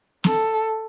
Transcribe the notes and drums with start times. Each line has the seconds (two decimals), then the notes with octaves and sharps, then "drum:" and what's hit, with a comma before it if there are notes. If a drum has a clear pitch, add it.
0.24 A4, drum: snare